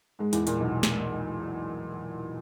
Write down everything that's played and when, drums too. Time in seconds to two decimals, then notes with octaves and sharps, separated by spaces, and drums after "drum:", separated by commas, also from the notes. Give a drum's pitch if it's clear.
0.19 G#2 G#3
0.33 E2 E3, drum: hi-hat
0.47 A#2, drum: hi-hat
0.60 B1 B2
0.83 drum: snare